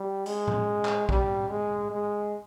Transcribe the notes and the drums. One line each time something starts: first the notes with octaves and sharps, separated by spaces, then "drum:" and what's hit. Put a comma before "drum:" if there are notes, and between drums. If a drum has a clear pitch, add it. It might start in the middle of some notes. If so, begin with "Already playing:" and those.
Already playing: G3
G#3, drum: hi-hat
drum: tom A2
drum: clap
G3, drum: kick
G#3
G#3